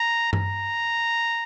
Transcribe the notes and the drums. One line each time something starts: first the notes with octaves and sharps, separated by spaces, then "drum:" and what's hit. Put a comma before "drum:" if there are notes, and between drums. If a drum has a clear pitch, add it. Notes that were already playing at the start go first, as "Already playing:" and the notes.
Already playing: A#5
A#5, drum: tom G2